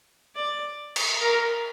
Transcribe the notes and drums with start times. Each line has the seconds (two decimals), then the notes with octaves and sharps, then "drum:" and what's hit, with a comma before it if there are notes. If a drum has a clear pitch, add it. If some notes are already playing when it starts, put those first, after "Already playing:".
0.36 D5
0.96 drum: cymbal
1.21 A#4